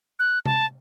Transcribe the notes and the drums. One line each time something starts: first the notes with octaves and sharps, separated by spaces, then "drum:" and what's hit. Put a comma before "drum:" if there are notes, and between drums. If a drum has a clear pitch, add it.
F#6
A5, drum: tom C3